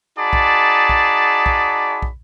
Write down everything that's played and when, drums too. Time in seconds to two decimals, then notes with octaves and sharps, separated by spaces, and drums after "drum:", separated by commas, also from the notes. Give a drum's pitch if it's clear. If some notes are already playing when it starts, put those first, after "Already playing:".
0.19 D#4 F#4 G#4 D5 A5 B5
0.33 drum: kick
0.89 drum: kick
1.46 drum: kick
2.02 drum: kick